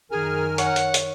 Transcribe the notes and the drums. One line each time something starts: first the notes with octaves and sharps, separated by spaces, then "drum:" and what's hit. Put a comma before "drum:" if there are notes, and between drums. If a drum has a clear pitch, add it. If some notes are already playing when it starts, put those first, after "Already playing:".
F#2 D#3 G#4 A#4 G#5 F6
C#5 F#5, drum: hi-hat
drum: hi-hat
drum: hi-hat